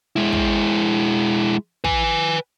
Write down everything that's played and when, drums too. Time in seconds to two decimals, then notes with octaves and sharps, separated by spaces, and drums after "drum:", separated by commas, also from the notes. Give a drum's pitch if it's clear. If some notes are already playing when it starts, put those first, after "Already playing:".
0.16 G#3 E4
0.33 drum: kick
1.84 B4 G#5, drum: kick